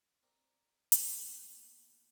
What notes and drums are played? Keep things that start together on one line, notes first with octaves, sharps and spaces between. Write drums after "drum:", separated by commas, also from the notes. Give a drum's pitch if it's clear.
C4 A#4 D5 D6
A#2 G#3 A#3 B3, drum: hi-hat